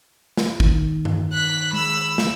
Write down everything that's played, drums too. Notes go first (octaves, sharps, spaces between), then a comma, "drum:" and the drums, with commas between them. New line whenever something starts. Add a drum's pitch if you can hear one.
drum: snare
D#3, drum: kick
drum: tom G2
F#6 B6
G#3 B5 E6
drum: snare